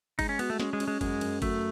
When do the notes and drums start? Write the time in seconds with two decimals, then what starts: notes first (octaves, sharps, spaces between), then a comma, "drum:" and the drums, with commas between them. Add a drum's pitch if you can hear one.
0.19 G#3 D#4, drum: kick G1, cymbal
0.29 C#4
0.39 B3 F#4, drum: cymbal
0.50 A3
0.59 G#3 C#4, drum: snare
0.73 G#3
0.80 C#4, drum: cymbal
0.88 G#3
1.01 F#2 G#3, drum: kick G1, cymbal
1.21 F#2, drum: cymbal
1.42 F#3 A3, drum: kick G1, cymbal